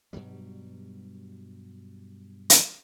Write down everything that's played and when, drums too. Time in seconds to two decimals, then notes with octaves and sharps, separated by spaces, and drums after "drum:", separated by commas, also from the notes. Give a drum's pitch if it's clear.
0.13 G2 B2 F#3 G3
2.50 drum: hi-hat